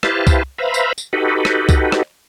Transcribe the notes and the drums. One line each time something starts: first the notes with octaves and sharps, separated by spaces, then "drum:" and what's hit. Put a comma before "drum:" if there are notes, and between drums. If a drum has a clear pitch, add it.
E4 G4 B4 C5 F5 A5, drum: rim click
drum: kick C2, tambourine
B4 C5 E5 F5 A#5 B5
drum: tambourine
drum: tambourine
D#4 F#4 G4 A4 B4
drum: rim click
drum: kick C2, tambourine
drum: rim click